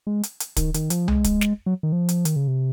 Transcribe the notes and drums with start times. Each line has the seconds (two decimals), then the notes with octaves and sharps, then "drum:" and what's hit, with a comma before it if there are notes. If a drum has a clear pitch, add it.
0.07 G#3
0.23 drum: hi-hat
0.40 drum: hi-hat
0.56 D#3, drum: kick, hi-hat
0.74 D#3, drum: hi-hat
0.90 F3, drum: hi-hat
1.08 G#3, drum: tom C2
1.24 drum: kick, hi-hat
1.41 drum: snare
1.66 F#3
1.83 D#3
1.92 F3
2.09 drum: hi-hat
2.25 D#3, drum: hi-hat
2.36 C#3
2.48 C3